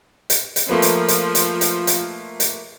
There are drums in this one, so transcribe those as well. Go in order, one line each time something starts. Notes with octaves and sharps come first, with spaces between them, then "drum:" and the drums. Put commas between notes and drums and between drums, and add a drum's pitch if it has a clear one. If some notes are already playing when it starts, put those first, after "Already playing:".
drum: hi-hat
drum: hi-hat
F3 A3 A#3 B4
drum: hi-hat
drum: hi-hat
drum: hi-hat
drum: hi-hat
drum: hi-hat
drum: hi-hat